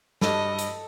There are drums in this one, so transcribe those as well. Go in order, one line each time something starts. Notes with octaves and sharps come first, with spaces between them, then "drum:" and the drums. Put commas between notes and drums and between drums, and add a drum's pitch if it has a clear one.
G2 A4 D#5, drum: snare
drum: hi-hat